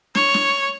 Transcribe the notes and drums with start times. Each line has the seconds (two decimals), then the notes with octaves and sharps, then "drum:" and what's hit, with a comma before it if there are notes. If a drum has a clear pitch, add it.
0.15 C#5, drum: snare
0.34 drum: snare